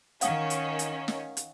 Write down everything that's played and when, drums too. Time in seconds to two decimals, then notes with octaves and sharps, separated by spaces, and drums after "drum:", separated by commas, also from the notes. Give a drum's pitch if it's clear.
0.21 D#3 C#4 F5 F#5 D#6, drum: hi-hat
0.50 drum: hi-hat
0.79 drum: hi-hat
1.08 drum: snare
1.37 drum: hi-hat